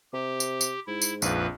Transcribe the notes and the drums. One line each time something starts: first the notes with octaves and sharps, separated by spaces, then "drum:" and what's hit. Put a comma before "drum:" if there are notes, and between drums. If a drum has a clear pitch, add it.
C3 G4
drum: tambourine
drum: tambourine
G#2 E4
drum: tambourine
A#1 F2 F4 B4, drum: tambourine